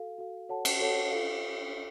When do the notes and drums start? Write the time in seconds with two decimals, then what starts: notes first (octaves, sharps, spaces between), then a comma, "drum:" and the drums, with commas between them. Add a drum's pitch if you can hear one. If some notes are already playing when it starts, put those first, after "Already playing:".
Already playing: F#4 A4 F5
0.18 F#4 A4 F5
0.49 F#4 A4 C#5 F#5 A5
0.65 drum: cymbal
0.80 F#4 A4 C#5 F#5 A5
1.10 F4 A4 F5